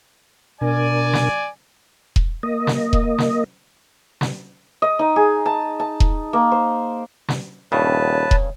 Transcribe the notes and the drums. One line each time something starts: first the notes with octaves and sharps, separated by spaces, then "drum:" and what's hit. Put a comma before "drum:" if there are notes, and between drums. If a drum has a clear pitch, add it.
B2 D4 A#4 D5 G#5
drum: snare
drum: kick E1
A#3 D#5
drum: snare
drum: kick E1
drum: snare
drum: snare
D#5
D#4
G#4
A5
A5
drum: kick E1
A#3
C5
drum: snare
D#1 G2 C#3 B4 C#5 A5
drum: kick E1